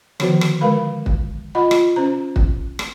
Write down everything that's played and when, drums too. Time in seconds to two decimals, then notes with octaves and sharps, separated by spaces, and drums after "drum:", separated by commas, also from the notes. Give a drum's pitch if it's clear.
0.20 D3 D#3 F3 B3 F#4 C5, drum: rim click
0.41 drum: rim click
0.61 D3 G#3 A#4 B4 F5 B5
1.06 drum: kick
1.55 F4 D#5 F#5 B5
1.71 drum: rim click
1.96 C#4 C5 A#5
2.36 drum: kick
2.79 drum: rim click